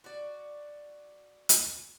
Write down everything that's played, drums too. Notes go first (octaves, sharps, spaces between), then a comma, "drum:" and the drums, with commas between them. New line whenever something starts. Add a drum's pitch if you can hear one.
F#4 D5
drum: hi-hat